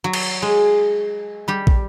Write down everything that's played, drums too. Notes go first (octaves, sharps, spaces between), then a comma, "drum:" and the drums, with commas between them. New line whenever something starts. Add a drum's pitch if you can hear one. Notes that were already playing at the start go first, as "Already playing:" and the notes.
F#3
drum: cymbal
G#3
G3 G4
drum: kick